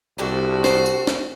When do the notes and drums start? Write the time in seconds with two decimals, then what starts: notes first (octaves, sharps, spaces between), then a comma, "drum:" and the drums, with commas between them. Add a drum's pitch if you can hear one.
0.18 C2 D4 F#4 G4 A4
0.64 C5, drum: snare
0.86 drum: tambourine
1.07 drum: snare